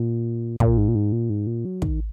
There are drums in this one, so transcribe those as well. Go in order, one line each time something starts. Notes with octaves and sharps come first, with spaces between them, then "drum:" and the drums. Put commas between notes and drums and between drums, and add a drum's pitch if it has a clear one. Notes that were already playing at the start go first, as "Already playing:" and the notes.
Already playing: A#2
A#2, drum: kick
G#2
A#2
G#2
A#2
G#2
A#2
F#3
D#3, drum: kick